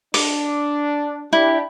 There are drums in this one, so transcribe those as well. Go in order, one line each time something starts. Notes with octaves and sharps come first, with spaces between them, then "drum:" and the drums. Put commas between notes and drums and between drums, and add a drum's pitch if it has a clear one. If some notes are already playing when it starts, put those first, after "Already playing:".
D4 D6, drum: open hi-hat
D4 E4 G4